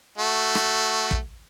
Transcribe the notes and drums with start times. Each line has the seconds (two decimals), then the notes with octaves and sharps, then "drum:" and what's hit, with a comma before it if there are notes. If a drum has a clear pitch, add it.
0.18 A3 F#4
0.55 drum: rim click
1.11 drum: kick